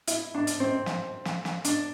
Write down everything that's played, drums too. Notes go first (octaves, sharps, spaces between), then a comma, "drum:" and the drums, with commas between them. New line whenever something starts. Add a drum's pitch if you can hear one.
E4, drum: hi-hat
D4
drum: hi-hat
C4
drum: snare
drum: snare
drum: snare
D4, drum: hi-hat